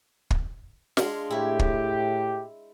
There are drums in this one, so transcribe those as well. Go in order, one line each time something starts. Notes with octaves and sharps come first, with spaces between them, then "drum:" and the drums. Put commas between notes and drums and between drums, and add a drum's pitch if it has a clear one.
drum: kick
G#3 D4 F4, drum: snare
A2 E4 G4 C#5
drum: kick